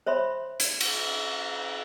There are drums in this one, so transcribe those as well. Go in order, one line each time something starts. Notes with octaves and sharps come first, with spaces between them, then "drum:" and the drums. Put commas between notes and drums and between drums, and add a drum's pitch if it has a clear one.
C5 C#5 E5 B5 C6
drum: hi-hat
drum: cymbal